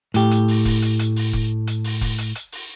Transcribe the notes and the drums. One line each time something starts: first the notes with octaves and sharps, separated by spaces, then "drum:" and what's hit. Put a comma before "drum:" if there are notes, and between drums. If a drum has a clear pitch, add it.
A2 G4, drum: hi-hat
drum: hi-hat
drum: open hi-hat
drum: kick F1, open hi-hat
drum: hi-hat
drum: hi-hat
drum: open hi-hat
drum: kick F1
drum: hi-hat
drum: open hi-hat
drum: kick F1, open hi-hat
drum: hi-hat
drum: hi-hat
drum: open hi-hat